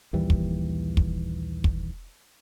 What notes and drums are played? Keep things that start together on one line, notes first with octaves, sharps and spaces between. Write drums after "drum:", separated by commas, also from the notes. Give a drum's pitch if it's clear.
A#1 D#2 E3 G3
drum: kick
drum: kick
drum: kick